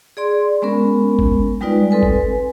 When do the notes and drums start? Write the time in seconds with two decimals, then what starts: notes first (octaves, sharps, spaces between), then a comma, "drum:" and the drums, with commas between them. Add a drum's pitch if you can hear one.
0.17 G#4 D5 C6
0.62 G#3 B3 C#4 A#4
1.19 drum: kick G#1
1.61 G3 G#3 D#4 F4 B4 D5
1.91 C4 A4 B4 G#5
2.03 drum: kick G#1